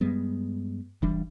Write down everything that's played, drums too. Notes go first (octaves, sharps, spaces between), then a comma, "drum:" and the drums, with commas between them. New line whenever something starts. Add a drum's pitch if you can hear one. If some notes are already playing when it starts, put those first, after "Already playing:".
G2 G3 G#3 B3
D1 E3 G3 D4, drum: kick F#1